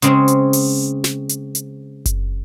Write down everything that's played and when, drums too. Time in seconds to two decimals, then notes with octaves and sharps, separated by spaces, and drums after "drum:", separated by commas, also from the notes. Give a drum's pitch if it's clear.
0.02 C#3 G#3 C4 G#4, drum: hi-hat
0.28 drum: hi-hat
0.53 drum: open hi-hat
1.04 drum: snare
1.29 drum: hi-hat
1.55 drum: hi-hat
2.06 drum: kick F#1, hi-hat